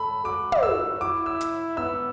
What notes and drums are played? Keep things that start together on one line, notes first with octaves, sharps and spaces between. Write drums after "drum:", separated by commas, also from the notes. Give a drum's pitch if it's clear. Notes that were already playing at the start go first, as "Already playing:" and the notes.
Already playing: A4 B5
F#4 D6
drum: tom
E6
E4 D6
E6
drum: hi-hat
B3 E6